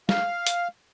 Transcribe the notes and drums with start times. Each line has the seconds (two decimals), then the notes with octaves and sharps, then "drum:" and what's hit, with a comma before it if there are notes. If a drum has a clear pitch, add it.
0.09 F5, drum: snare
0.47 drum: hi-hat